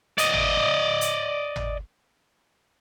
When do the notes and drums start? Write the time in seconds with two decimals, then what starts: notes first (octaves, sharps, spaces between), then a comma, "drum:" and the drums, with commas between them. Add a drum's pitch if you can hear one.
0.18 D5 D#5, drum: hi-hat
0.33 drum: tom G#1
1.01 drum: hi-hat
1.56 drum: tom G#1